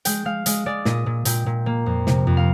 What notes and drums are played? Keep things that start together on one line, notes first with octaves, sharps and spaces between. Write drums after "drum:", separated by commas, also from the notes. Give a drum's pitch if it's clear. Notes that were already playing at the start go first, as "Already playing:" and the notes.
G#3 G5, drum: hi-hat
G#3 F5
G#3 D#5, drum: hi-hat
G#3 D5
A#2 D#5, drum: snare
A#2
A#2 G5, drum: hi-hat
A#2
A#3
F2
C3, drum: snare
F2
F5